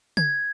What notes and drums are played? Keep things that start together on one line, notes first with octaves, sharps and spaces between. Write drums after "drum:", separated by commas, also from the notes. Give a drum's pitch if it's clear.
G#6, drum: tom C#3